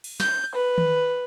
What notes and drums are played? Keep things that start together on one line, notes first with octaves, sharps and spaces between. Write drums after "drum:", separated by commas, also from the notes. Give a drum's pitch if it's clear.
drum: cymbal
G6, drum: snare
B4
drum: tom D#3